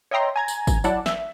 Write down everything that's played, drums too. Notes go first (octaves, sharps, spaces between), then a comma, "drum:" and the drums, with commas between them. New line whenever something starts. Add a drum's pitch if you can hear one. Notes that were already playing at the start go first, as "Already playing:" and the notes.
C#5 D#5 E5 G5 A#5 C6
G#5 A#5 G#6
drum: tambourine
drum: kick, tambourine
F#3 E4 D5 F#5 A5, drum: tambourine
E5, drum: snare